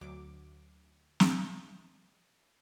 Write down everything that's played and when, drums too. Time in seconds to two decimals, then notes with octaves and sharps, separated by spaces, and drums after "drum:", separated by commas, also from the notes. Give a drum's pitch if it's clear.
0.01 D2 F#3 D6
1.20 drum: snare